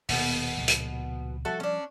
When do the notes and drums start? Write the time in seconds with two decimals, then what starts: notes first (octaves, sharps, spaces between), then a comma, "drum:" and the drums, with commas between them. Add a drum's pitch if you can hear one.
0.09 D#1 D#2 B2 A#3 B3, drum: open hi-hat
0.58 C#2 A#2 F3
0.68 drum: hi-hat
1.45 F3 G3 F#4 A4 E5
1.60 C#4 D4